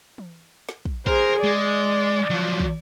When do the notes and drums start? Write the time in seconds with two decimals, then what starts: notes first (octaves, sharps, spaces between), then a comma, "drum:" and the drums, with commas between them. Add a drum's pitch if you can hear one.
0.18 drum: tom E3
0.69 drum: snare
0.85 drum: kick
1.07 G#4 A#4 C5, drum: kick
1.44 G#3 D5
2.31 F3 F#3
2.60 drum: kick